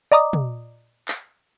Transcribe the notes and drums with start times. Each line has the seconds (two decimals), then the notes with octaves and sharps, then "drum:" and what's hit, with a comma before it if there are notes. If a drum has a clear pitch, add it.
0.12 D5 D#5 A#5 D6 D#6
0.33 drum: tom
1.08 drum: clap